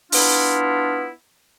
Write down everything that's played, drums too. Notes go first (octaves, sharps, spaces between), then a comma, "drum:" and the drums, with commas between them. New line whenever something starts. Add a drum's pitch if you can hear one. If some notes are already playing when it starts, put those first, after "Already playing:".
B3 D4 E4 F4, drum: open hi-hat